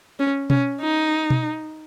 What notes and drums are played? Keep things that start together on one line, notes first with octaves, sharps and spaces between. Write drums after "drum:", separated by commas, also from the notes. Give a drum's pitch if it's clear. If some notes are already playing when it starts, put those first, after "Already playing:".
C#4
C#4, drum: tom B2
D#4
drum: tom B2